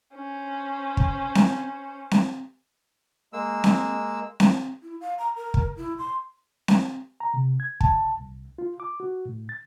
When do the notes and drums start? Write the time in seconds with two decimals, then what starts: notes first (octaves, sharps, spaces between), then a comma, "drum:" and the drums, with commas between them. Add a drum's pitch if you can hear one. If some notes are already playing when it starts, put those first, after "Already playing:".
0.15 C#4 C5
0.97 drum: kick
1.35 drum: snare C4
2.11 drum: snare C4
3.33 G#3 A#3 E6
3.64 drum: snare C4
4.40 drum: snare C4
4.83 E4
5.01 F5
5.18 A#5
5.36 A#4
5.54 drum: kick
5.77 E4
5.98 C6
6.68 drum: snare C4
7.20 A#5
7.34 C3
7.60 G#6
7.81 A5, drum: kick
8.17 C2
8.58 F4
8.80 D6
9.00 F#4
9.25 A2
9.49 A6